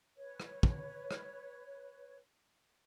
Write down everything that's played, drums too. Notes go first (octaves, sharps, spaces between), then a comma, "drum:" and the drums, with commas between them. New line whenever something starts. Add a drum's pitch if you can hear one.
B4 C#5
drum: rim click
drum: kick
drum: rim click